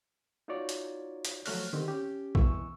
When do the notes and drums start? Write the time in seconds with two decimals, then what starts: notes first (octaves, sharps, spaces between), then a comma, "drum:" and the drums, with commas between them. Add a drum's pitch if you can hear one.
0.48 D#4 F4 F#4 C#5 D5
0.69 drum: hi-hat
1.25 drum: hi-hat
1.46 F3 F#3 A3 C#5 F6 F#6, drum: open hi-hat
1.73 D3 D#3 C4 G4
1.88 C#4 G4
2.35 E2 B2 E3 C#6 E6, drum: kick A#1